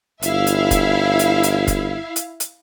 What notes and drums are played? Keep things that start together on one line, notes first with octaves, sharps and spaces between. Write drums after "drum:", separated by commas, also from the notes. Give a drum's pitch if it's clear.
G1 E4 E5 F5, drum: hi-hat
drum: hi-hat
drum: kick F1, hi-hat
drum: hi-hat
drum: hi-hat
drum: kick F1, hi-hat
drum: hi-hat
drum: hi-hat